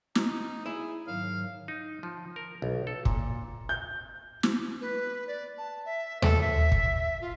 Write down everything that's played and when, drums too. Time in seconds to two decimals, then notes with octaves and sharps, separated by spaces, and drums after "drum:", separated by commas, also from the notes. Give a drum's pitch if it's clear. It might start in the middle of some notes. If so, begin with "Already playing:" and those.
0.15 D#4, drum: snare
0.66 E4 G#4
1.08 G#2 D#3 F#3 F5
1.68 D#4
2.03 F3
2.36 A#4
2.62 B1
2.87 A4
3.05 A#2, drum: kick
3.69 G6
4.43 drum: snare
4.81 B4
5.27 D5
5.58 A5
5.85 E5
6.22 A4, drum: tom D#2
6.41 E5
6.72 drum: kick
7.21 F4